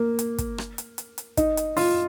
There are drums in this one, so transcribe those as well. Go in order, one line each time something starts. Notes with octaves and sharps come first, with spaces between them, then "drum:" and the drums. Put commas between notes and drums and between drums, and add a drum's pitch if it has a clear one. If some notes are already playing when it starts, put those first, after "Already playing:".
Already playing: A#3
drum: hi-hat
drum: kick, hi-hat
drum: rim click
drum: hi-hat
drum: hi-hat
drum: hi-hat
D#4, drum: kick, hi-hat
drum: hi-hat
F4, drum: open hi-hat